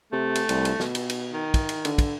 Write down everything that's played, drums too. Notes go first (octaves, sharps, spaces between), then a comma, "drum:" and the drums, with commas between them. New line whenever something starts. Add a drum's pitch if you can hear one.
C3 A3
drum: cymbal
C2, drum: cymbal
drum: cymbal
B2, drum: snare
drum: cymbal
drum: cymbal
D#3
drum: kick, cymbal
drum: cymbal
D3, drum: cymbal
drum: kick, cymbal